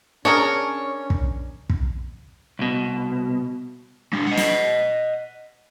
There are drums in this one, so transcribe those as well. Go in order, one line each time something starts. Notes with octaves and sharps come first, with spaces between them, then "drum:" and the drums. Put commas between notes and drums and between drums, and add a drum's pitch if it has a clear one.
C#4 D4 G#4 A#4 C#5
drum: kick
drum: kick
C2 B2
G#3 D4
D#5 F#5
drum: snare